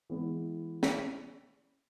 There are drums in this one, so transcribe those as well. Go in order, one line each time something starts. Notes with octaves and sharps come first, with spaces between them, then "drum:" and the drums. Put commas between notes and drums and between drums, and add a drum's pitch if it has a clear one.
E3 G#3 B3 E4
drum: snare